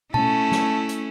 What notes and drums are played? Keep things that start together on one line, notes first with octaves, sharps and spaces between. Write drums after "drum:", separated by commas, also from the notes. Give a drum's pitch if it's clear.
A3 C#4 E4 A5, drum: tom B2
drum: snare
drum: hi-hat